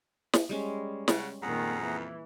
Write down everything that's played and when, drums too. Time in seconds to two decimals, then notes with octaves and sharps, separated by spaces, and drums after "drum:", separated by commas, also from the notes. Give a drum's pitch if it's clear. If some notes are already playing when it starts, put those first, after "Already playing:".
0.33 drum: snare
0.49 G3 G#3 C#4
1.08 C#3 F#5, drum: snare
1.42 F2 A#2 D#3 G#4 F#5 A#5
1.83 E3